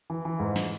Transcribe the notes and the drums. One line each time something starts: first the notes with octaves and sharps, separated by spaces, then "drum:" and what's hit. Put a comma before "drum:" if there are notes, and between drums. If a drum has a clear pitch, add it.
E3
E3
G#2
drum: snare